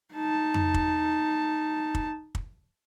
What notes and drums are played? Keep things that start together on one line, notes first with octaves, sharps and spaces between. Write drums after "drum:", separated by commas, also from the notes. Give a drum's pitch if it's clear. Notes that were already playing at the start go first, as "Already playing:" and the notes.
D#4 A5
drum: tom F2
drum: kick
drum: kick
drum: kick